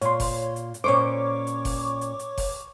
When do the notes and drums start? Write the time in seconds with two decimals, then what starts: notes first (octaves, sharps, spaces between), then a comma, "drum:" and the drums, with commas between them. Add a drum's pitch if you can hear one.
0.02 A#2 C#5 C6, drum: hi-hat
0.20 drum: kick F#1, open hi-hat
0.56 drum: hi-hat
0.74 drum: hi-hat
0.84 A#2 C#4 C5 C#5 C#6 D6
1.47 drum: hi-hat
1.65 drum: kick F#1, open hi-hat
2.01 drum: hi-hat
2.19 drum: hi-hat
2.38 drum: kick F#1, open hi-hat